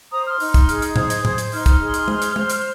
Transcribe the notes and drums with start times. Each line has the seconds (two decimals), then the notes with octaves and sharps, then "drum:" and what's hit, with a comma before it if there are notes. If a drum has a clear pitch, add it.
0.12 C5 A#5 D#6
0.27 C6 F6
0.40 D#4, drum: open hi-hat
0.54 drum: kick, hi-hat
0.69 G#4, drum: hi-hat
0.82 drum: hi-hat
0.96 C5 D#6 G#6, drum: tom A2
1.10 drum: hi-hat
1.25 C5, drum: tom A2
1.38 drum: hi-hat
1.52 D#4 C6 F6, drum: open hi-hat
1.66 drum: kick, hi-hat
1.79 G#4
1.94 drum: hi-hat
2.08 C5, drum: tom
2.22 drum: hi-hat
2.36 C5, drum: tom
2.50 drum: hi-hat